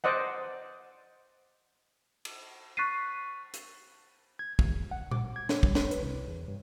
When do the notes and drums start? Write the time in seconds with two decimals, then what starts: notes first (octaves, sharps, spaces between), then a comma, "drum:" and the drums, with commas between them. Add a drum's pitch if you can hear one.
0.04 C5 D5 D#5 F#5
2.25 drum: cymbal
2.77 C#6 F#6 A6 B6 C7 D#7
3.53 drum: hi-hat
4.39 G#6
4.59 E2, drum: kick
4.91 F#5
5.11 D6, drum: tom A#2
5.36 G#6
5.49 C#5, drum: snare
5.63 G3, drum: kick
5.75 C#5, drum: snare
5.91 B4, drum: hi-hat
6.03 C2
6.28 E2
6.48 G2